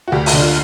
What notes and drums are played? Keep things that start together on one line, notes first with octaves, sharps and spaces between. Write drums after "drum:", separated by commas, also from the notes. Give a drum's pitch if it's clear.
F#4
D2 G4
F#4, drum: open hi-hat
D3
F4